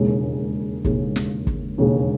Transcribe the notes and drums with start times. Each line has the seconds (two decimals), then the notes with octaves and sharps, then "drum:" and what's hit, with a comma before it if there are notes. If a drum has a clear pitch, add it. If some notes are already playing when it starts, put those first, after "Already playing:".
Already playing: E1 D#2 C#3 G#3
0.85 E1 D#2 C#3 G#3, drum: kick
1.16 drum: snare
1.47 drum: kick
1.78 E1 D#2 C#3 G#3